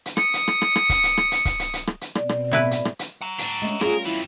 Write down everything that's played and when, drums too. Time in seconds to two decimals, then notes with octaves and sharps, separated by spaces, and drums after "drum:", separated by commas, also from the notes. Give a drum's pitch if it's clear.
0.06 drum: hi-hat
0.17 D#6 C#7, drum: rim click
0.34 drum: hi-hat
0.48 drum: rim click
0.62 drum: rim click
0.76 drum: rim click
0.89 drum: kick C#1, hi-hat
1.03 drum: hi-hat
1.17 drum: rim click
1.31 drum: hi-hat
1.45 drum: kick C#1, hi-hat
1.59 drum: hi-hat
1.73 drum: hi-hat
1.87 drum: rim click
2.01 drum: hi-hat
2.15 B2 B3 C4 D5, drum: rim click
2.29 drum: rim click
2.51 A2 E4 B4
2.71 drum: hi-hat
2.85 drum: rim click
2.99 drum: hi-hat
3.21 F#5 A#5
3.39 A2 D4, drum: hi-hat
3.62 G#3 A3 C#4
3.81 G3 C#4 F4 G#4 A#4, drum: rim click
4.06 F2 E3 E4